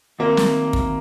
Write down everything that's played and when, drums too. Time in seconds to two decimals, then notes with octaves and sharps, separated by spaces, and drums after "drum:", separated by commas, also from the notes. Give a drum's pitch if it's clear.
0.19 D#3 F#3 A3 A#3 C4
0.37 drum: snare
0.73 drum: kick